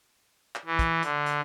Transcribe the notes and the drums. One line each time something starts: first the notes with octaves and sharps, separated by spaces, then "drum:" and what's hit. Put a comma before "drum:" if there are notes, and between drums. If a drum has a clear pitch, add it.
drum: clap
E3
drum: kick, hi-hat
D3, drum: hi-hat
drum: hi-hat